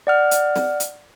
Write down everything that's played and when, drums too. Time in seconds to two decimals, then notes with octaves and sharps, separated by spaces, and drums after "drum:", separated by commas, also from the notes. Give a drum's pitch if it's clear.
0.07 D5 F#5 F6
0.31 drum: hi-hat
0.56 drum: snare
0.80 drum: hi-hat